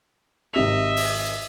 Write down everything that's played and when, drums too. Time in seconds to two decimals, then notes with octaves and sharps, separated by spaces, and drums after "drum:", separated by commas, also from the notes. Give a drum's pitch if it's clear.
0.54 G#1 C3 D#5 E5 F7
0.97 drum: open hi-hat